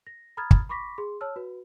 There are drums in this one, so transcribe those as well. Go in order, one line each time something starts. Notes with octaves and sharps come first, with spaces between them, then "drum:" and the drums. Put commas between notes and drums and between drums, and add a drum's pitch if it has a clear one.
A#6
A#5 B5 D#6 F6 G#6 A6
drum: kick
B5 C#6 D6 A#6 B6
G#4 C6
C#5 A5 E6 F6
F#4 B4